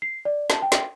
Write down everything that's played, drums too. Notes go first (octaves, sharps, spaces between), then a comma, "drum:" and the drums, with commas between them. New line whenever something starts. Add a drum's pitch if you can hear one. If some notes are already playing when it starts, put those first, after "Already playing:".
C7
D5
A5, drum: snare
G5
drum: snare